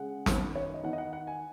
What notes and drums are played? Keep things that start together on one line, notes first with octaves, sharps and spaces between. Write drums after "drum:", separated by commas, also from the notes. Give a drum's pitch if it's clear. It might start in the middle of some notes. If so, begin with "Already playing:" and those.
Already playing: C#3 G#3 F#5
F#2 D#3 B3 D#4, drum: snare
C#5
D#5
D#3 B3 D#4 F#5
D#5
F#5
F#5
G#5